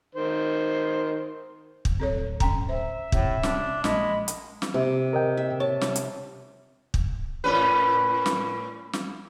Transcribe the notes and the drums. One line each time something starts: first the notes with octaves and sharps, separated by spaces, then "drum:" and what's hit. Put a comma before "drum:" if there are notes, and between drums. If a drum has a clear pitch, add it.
D#3 C5
drum: kick
D1 G1 C4 A4 C#5
C#4 G5 A#5, drum: kick
C5 E5
A2 C3, drum: kick
C#4 D4, drum: snare
A#1 G#3 B5, drum: snare
drum: hi-hat
drum: snare
C3
A#4 D#5 G5
E5
C#5 A5
drum: snare
drum: hi-hat
drum: kick
A2 C#4 B4
drum: snare
drum: snare